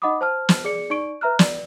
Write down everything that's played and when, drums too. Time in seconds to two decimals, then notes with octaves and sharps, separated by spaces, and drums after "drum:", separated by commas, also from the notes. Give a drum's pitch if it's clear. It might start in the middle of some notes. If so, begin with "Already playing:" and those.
0.02 D#4 D#5 F#5 B5 D6 D#6
0.21 C5 A5 F6
0.49 drum: snare
0.65 G#4 D5 C#7
0.90 D#4 D5 C#6 D7
1.21 B4 E5 A#5 F6 F#6
1.39 D5, drum: snare